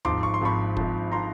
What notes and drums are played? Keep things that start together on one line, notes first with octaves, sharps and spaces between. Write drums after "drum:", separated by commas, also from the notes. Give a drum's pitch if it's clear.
G#1 G#2 F3 C6 D6, drum: tom D#2
C#6
C6
G#1 G#2 F3 B5 C#6
G#1 G#2 F3, drum: kick
F3 A#5 C6